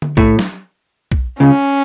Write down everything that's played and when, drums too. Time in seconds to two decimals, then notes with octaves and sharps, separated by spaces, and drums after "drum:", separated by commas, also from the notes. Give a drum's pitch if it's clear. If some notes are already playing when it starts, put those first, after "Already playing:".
0.02 drum: tom D3
0.17 A2 A3, drum: kick
0.39 drum: snare
1.12 drum: kick
1.40 C#2 C#3 C#4